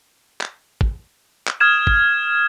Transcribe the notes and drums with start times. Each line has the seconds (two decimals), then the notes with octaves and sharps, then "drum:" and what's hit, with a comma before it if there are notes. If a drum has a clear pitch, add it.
0.41 drum: clap
0.81 drum: kick
1.47 drum: clap
1.60 D#6 F6 G#6 E7
1.87 drum: kick